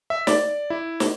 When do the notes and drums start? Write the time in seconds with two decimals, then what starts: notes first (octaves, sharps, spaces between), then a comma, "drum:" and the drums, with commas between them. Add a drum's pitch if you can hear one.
0.10 E5
0.27 D5, drum: snare
0.70 E4
1.00 drum: snare